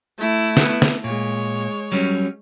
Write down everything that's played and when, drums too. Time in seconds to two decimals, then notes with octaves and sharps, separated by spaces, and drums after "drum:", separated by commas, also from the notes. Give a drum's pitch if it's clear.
0.18 A3 E4
0.57 B3, drum: snare
0.82 drum: snare
1.04 A#2 G#3 C#5
1.92 F#3 G3 C#4